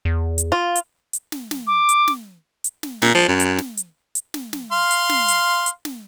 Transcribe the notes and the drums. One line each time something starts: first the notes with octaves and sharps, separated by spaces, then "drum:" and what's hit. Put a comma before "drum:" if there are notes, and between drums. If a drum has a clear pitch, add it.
E2
drum: hi-hat
F4
drum: hi-hat
drum: hi-hat
drum: snare
drum: snare
D6
drum: hi-hat
drum: snare
drum: hi-hat
drum: snare
A#2, drum: snare
F3
F#2
drum: hi-hat
drum: snare
drum: hi-hat
drum: hi-hat
drum: snare
drum: snare
F5 C6
drum: hi-hat
drum: snare
drum: hi-hat
drum: hi-hat
drum: snare